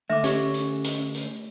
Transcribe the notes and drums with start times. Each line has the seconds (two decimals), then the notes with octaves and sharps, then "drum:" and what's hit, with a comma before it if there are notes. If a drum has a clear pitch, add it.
0.10 D3 A3 E5 D6
0.24 C#4 G4, drum: hi-hat
0.54 drum: hi-hat
0.84 drum: hi-hat
1.15 drum: hi-hat